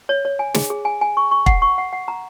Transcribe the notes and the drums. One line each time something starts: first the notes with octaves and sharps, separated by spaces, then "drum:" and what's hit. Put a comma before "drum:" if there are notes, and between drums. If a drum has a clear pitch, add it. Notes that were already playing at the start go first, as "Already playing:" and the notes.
C#5
C#5
G#5
G#4, drum: snare
G#4
G#5
G#5
C#6
C#6
F#5, drum: kick
C#6
F#5
F#5
A#5